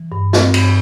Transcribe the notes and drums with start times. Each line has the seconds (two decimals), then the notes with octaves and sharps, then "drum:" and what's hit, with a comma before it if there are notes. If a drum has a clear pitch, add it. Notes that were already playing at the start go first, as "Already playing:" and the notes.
Already playing: E3
0.12 G2
0.33 C4, drum: snare
0.54 G2, drum: cymbal